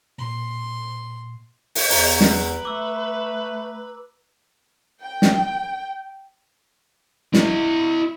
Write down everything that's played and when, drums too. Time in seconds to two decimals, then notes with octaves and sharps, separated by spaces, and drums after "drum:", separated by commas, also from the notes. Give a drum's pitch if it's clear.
0.18 A#2 C6
1.75 drum: open hi-hat
1.90 E2 A#5 G7, drum: open hi-hat
2.21 B4, drum: snare
2.65 A3 D6 E6
5.02 G5
5.22 drum: snare
7.34 E4 D#5, drum: snare